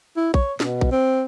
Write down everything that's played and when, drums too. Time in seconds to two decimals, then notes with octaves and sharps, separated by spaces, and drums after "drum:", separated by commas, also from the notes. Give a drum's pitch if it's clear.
0.16 E4
0.34 C#5, drum: kick
0.60 B2, drum: snare
0.81 drum: kick
0.92 C4